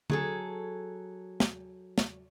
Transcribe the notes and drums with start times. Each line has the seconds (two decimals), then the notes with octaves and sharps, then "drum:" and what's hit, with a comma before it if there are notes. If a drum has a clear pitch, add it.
0.10 F#3 G#4 A4, drum: tom D3
1.40 drum: snare
1.98 drum: snare